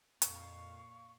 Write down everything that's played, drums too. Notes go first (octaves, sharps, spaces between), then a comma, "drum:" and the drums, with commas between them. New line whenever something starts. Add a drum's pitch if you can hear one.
F2 A#2 F5 C#6, drum: hi-hat